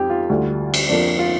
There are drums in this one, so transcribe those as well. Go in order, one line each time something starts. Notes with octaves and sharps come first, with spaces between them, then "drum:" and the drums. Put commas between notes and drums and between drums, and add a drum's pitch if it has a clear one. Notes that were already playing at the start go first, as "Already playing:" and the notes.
Already playing: F2 F3 C4 G4
F4
D2 D3 G3
drum: cymbal
F2 F3 A#3 D4
F4